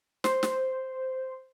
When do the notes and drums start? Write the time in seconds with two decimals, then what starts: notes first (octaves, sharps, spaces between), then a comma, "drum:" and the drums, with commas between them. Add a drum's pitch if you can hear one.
0.24 C5, drum: snare
0.43 drum: snare